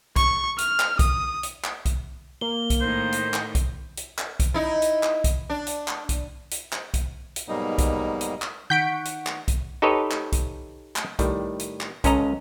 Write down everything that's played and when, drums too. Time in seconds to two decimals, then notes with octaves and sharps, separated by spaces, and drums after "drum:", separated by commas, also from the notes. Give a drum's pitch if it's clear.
0.16 C#6, drum: kick B1, hi-hat
0.58 F6, drum: hi-hat
0.80 drum: clap
0.99 D#6, drum: kick B1, hi-hat
1.43 drum: hi-hat
1.64 drum: clap
1.85 drum: kick B1, hi-hat
2.41 A#3 G7
2.70 drum: kick B1, hi-hat
2.81 A2 D#3 C5
3.13 drum: hi-hat
3.34 drum: clap
3.55 drum: kick B1, hi-hat
3.97 drum: hi-hat
4.18 drum: clap
4.40 drum: kick B1, hi-hat
4.54 D#4 E4
4.82 drum: hi-hat
5.03 drum: clap
5.24 drum: kick B1, hi-hat
5.50 D4
5.67 drum: hi-hat
5.88 drum: clap
6.09 drum: kick B1, hi-hat
6.51 drum: hi-hat
6.72 drum: clap
6.94 drum: kick B1, hi-hat
7.36 drum: hi-hat
7.48 G#2 B2 F#3 G3 A#3 D#4
7.78 drum: kick B1, hi-hat
8.21 drum: hi-hat
8.42 drum: clap
8.70 D#3 F#5 C#6 G6 B6 D7
9.05 drum: hi-hat
9.27 drum: clap
9.48 drum: kick B1, hi-hat
9.82 D#4 G4 A4 B4 C#5 D#5
10.11 drum: clap
10.32 drum: kick B1, hi-hat
10.96 drum: clap
11.19 A2 D#3 G3, drum: kick B1, hi-hat
11.60 drum: hi-hat
11.81 drum: clap
12.04 C#2 C#4 A4 D#5 A#5, drum: kick B1, hi-hat